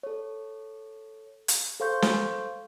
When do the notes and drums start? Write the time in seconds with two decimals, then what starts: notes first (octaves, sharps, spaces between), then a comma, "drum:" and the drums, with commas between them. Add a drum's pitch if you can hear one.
0.03 A4 C#5
1.48 drum: hi-hat
1.80 A4 C5 F5 C6 C#6 G6
2.02 drum: snare